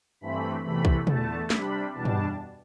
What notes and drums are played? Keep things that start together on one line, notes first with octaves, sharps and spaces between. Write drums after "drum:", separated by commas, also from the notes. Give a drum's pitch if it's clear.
G2 E3 A3 C4 B5
E2 C3 E3 A3 B5
drum: kick B1
E2 D3 A3 A5, drum: tom
C3 G3 D4 B5, drum: snare
E2 B2 G3 D4 A5
drum: tom